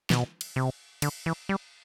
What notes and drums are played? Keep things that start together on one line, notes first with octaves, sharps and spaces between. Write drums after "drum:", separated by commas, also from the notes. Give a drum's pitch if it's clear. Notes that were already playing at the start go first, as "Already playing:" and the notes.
B2, drum: snare
drum: cymbal
C3
D3, drum: cymbal
E3
G3